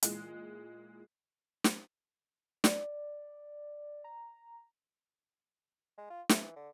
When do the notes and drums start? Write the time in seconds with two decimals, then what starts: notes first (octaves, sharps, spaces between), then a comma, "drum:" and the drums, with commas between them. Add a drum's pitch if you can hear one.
0.03 A#2 E3 G#3, drum: hi-hat
1.64 drum: snare
2.64 D5, drum: snare
4.04 A#5
5.98 G#3
6.10 F4
6.29 A3, drum: snare
6.43 E3
6.56 D3